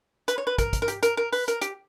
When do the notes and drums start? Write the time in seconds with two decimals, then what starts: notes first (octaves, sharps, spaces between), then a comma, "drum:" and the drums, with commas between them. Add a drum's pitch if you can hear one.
0.28 B4, drum: hi-hat
0.38 C#5
0.47 B4
0.58 A#4, drum: kick, hi-hat
0.73 drum: kick, hi-hat
0.82 A#4
0.88 G4, drum: hi-hat
1.03 A#4, drum: hi-hat
1.17 A#4
1.32 B4, drum: open hi-hat
1.48 A#4, drum: hi-hat
1.61 G4, drum: hi-hat